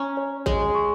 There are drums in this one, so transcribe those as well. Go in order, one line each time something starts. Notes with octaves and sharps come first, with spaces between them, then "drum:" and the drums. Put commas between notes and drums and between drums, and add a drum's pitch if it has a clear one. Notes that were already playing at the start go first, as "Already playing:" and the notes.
Already playing: C#4 A#5
C#5
G#3 C#5, drum: kick A1
C#6